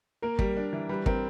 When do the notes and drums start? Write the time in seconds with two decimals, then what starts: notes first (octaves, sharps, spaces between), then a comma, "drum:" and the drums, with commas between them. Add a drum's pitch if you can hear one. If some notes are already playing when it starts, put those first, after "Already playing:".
0.22 A#3 A#4
0.39 G3, drum: kick
0.56 D4
0.73 E3
0.89 G3 B4
1.06 C4 A#4, drum: kick